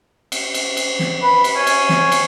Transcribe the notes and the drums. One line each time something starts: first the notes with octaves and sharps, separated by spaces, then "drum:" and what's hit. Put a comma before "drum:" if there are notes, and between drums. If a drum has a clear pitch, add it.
drum: cymbal
drum: cymbal
drum: cymbal
drum: snare
B4
drum: cymbal
C#4
drum: cymbal
drum: snare
drum: cymbal